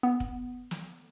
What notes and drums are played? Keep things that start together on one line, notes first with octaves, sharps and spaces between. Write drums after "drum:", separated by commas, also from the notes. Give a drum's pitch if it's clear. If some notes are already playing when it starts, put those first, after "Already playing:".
B3
drum: kick
drum: snare